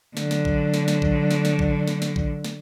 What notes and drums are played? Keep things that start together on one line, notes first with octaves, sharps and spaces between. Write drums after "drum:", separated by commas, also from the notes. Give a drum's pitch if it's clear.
D3 F#3, drum: snare
drum: snare
drum: kick
drum: snare
drum: snare
drum: kick
drum: snare
drum: snare
drum: kick
drum: snare
drum: snare
drum: kick
drum: snare